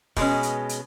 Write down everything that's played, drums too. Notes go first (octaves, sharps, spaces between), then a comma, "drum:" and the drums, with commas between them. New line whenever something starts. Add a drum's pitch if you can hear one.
B2 G#3 C#4, drum: kick, open hi-hat
drum: hi-hat
drum: hi-hat